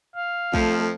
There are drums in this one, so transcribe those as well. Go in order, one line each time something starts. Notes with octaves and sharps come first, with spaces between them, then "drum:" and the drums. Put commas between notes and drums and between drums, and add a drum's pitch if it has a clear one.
F5
F2 F3 A3, drum: kick A#1